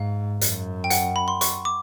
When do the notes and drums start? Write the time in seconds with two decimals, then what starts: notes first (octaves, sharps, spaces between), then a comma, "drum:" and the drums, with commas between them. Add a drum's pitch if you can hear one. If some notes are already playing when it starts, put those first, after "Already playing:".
Already playing: G#2 F5
0.41 F#2, drum: hi-hat
0.84 G5
0.90 F#5, drum: hi-hat
1.16 B5
1.28 C6
1.41 C#6, drum: hi-hat
1.65 D6